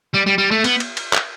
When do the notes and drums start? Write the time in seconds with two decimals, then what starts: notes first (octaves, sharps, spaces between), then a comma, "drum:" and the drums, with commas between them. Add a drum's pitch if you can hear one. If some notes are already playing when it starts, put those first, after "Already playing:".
0.14 G3
0.27 G3
0.38 G3
0.51 A3
0.64 B3, drum: cymbal
0.80 drum: cymbal
0.97 drum: cymbal
1.13 drum: clap